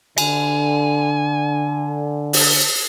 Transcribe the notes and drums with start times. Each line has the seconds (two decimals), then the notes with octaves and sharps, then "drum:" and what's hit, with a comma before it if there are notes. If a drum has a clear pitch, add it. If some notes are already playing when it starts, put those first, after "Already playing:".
0.18 D3 G#5, drum: cymbal
2.33 drum: open hi-hat